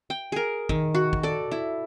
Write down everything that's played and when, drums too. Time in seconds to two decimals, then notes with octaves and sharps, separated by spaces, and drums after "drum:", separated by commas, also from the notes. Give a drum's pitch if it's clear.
0.10 G5
0.32 G#4 A#4
0.69 D#3, drum: kick
0.94 F#4
1.13 drum: kick
1.23 A4 D5
1.51 E4